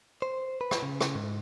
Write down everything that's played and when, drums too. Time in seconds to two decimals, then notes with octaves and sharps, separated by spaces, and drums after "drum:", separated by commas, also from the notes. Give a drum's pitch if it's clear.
0.22 C5
0.61 B4
0.71 drum: rim click
0.82 C#3
1.01 drum: rim click
1.15 G#2